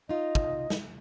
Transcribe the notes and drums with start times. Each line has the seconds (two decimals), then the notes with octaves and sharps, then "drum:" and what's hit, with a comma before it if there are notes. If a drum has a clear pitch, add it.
0.09 D#4 F4 D#5
0.35 drum: kick
0.70 drum: snare